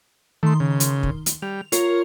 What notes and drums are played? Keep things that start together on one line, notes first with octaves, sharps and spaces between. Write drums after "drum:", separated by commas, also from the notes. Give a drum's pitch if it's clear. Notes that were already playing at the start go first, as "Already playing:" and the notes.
D#3 A3 C6
C#3
drum: hi-hat
drum: kick
drum: hi-hat
G3 F7
F4 A#4 C#5, drum: hi-hat